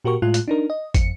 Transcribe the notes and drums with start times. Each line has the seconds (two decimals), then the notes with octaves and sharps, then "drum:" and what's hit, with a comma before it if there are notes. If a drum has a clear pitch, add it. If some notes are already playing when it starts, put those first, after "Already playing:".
0.05 A#2 F#4 G4 A#4 C#6
0.22 A2 G#3 F4 F#6
0.34 drum: hi-hat
0.48 D4 D#4 A#4
0.70 D#5
0.94 F2 C#7, drum: kick, hi-hat